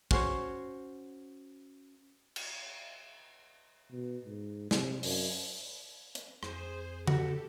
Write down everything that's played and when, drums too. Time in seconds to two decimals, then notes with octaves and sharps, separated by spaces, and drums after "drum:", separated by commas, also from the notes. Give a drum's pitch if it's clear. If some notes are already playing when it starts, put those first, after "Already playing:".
0.11 C#4 F#4 C5 C#5, drum: kick
2.36 drum: cymbal
3.92 B2
4.25 G#2
4.71 C3, drum: snare
5.03 F#2, drum: open hi-hat
6.15 drum: hi-hat
6.43 F2 G#4 C5, drum: rim click
7.07 F#4 G4 A4, drum: tom C#3